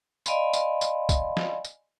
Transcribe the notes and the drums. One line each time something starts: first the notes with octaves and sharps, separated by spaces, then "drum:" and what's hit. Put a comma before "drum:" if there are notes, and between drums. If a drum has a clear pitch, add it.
D5 D#5 F5 G#5 B5 C6, drum: tambourine
drum: tambourine
drum: tambourine
drum: kick, tambourine
drum: snare
drum: tambourine